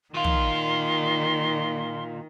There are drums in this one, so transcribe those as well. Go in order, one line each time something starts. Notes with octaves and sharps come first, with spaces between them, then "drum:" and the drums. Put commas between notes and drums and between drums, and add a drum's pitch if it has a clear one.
A#2 D#3 F4 C6
drum: tom